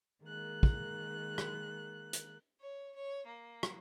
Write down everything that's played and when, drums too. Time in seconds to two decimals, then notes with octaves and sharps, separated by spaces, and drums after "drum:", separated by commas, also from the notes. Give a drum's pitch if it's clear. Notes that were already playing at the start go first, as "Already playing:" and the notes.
0.24 D#3 G#3 A#3 F#6
0.63 drum: kick
1.38 drum: rim click
2.13 drum: hi-hat
2.60 C#5
2.95 C#5
3.26 A#3
3.63 drum: rim click